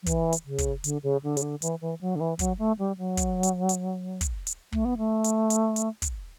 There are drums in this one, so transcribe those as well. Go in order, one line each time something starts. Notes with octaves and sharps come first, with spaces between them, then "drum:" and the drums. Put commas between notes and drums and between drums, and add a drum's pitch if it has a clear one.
F#3
E3, drum: kick, hi-hat
drum: hi-hat
C#3
drum: kick, hi-hat
D3, drum: hi-hat
C#3
D3
C#3, drum: hi-hat
D3
E3, drum: hi-hat
E3
F#3
D3
E3
F#3, drum: kick, hi-hat
A3
G3
F#3
drum: kick, hi-hat
drum: hi-hat
drum: hi-hat
drum: kick, hi-hat
drum: hi-hat
A3, drum: kick
B3
A3
drum: hi-hat
drum: hi-hat
drum: hi-hat
drum: kick, hi-hat